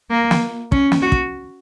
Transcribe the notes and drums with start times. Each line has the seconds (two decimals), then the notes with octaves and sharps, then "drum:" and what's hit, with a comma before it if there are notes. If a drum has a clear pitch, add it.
0.10 A#3
0.31 drum: snare
0.72 C#4, drum: kick
0.92 drum: snare
1.02 F#4
1.12 drum: kick